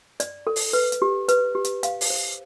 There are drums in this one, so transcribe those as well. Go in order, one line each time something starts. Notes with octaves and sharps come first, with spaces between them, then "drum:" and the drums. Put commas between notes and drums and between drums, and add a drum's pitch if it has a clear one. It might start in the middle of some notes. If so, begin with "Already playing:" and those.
D5, drum: hi-hat
A4
drum: open hi-hat
B4
drum: hi-hat
G4
B4, drum: hi-hat
G4
drum: hi-hat
F5, drum: hi-hat
drum: open hi-hat
C5